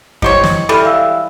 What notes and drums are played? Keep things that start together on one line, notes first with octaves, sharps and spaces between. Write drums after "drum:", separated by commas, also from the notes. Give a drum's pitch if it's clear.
E4 G4 C5 C#5 D#5 C#7, drum: kick F#2
drum: snare
E3 G3 G#3 A4 B5 F6
E5 F5 E6